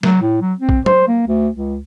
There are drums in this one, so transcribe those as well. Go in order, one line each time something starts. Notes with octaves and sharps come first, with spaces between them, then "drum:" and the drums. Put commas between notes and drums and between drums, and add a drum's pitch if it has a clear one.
F#3, drum: snare
A2
F#3
C4
drum: kick
C5, drum: tom F#3
A#3
D2
C#2